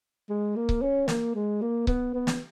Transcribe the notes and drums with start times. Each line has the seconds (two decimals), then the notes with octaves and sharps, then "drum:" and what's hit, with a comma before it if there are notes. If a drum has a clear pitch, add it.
0.29 G#3
0.56 A#3
0.69 drum: kick C#1
0.82 C#4
1.08 A#3, drum: snare
1.35 G#3
1.62 A#3
1.87 B3, drum: kick C#1
2.14 B3
2.27 drum: snare